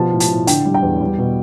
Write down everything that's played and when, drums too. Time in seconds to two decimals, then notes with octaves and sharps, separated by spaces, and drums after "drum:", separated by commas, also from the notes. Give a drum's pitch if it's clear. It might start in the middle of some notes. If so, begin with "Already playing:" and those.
Already playing: B2 F3 A5
0.12 A2
0.20 A5, drum: hi-hat
0.29 A2
0.47 D3 G5, drum: hi-hat
0.65 G3
0.74 G5
0.82 E2
1.01 G3
1.19 B2